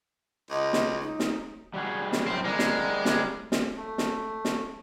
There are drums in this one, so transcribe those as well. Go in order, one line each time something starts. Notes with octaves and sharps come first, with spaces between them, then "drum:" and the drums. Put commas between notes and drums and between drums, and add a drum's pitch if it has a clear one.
C#2 D#5
drum: snare
D#4
drum: snare
G3 F#4 G#4
drum: snare
F#2 A2 C4
G3 G#3 A#4
drum: snare
drum: snare
drum: snare
A3
drum: snare
drum: snare